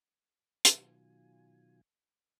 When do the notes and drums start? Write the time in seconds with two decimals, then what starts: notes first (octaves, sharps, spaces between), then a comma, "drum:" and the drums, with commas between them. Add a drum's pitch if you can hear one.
0.65 B2 D#3 F#3 F4 G#5, drum: hi-hat